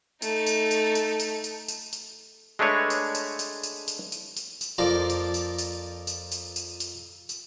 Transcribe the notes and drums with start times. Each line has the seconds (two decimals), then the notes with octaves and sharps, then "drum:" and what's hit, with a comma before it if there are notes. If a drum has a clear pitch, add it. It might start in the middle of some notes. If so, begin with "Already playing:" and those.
0.22 A3 D#4, drum: tambourine
0.46 drum: tambourine
0.71 drum: tambourine
0.95 drum: tambourine
1.20 drum: tambourine
1.44 drum: tambourine
1.68 drum: tambourine
1.93 drum: tambourine
2.59 G#3 A3 D4 B4 C#5
2.90 drum: tambourine
3.15 drum: tambourine
3.39 drum: tambourine
3.63 drum: tambourine
3.88 drum: tambourine
4.12 drum: tambourine
4.37 drum: tambourine
4.61 drum: tambourine
4.78 F2 F3 A#3 D5 A5 A#5
5.10 drum: tambourine
5.34 drum: tambourine
5.58 drum: tambourine
6.07 drum: tambourine
6.32 drum: tambourine
6.56 drum: tambourine
6.80 drum: tambourine
7.29 drum: tambourine